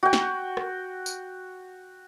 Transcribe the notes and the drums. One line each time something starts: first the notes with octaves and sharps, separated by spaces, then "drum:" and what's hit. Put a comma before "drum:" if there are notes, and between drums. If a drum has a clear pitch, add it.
F#4 G5
drum: snare
drum: rim click
drum: tambourine